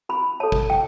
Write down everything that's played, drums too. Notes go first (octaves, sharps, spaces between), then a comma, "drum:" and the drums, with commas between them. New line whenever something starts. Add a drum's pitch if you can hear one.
E4 B5
A4 C#5 A5
drum: kick
E4 G5